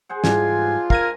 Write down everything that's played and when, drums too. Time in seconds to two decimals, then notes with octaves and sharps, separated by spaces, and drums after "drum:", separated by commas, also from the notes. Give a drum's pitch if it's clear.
0.09 G#4 C5 F#5
0.24 G#2 E3 G3 G#3 D4 F4 G#5, drum: snare
0.90 A#4 F5 G#6 D#7, drum: kick